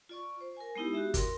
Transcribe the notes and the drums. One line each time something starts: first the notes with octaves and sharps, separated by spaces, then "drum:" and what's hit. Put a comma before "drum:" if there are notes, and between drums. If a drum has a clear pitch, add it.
F4 D5 C#6
C5
A#4 G#5
G#3 B3 D#4 E4 G4
F#4 G4 E5
A#4 C6, drum: kick G1, hi-hat